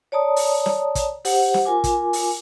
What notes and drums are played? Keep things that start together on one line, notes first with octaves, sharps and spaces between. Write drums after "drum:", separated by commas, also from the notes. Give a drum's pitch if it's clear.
C#5 D5 A5 A#5 D#6
drum: open hi-hat
drum: snare
drum: kick, hi-hat
G4 C5 F#5, drum: open hi-hat
drum: snare
F4 A#4 G#5 D6
drum: kick, hi-hat
drum: open hi-hat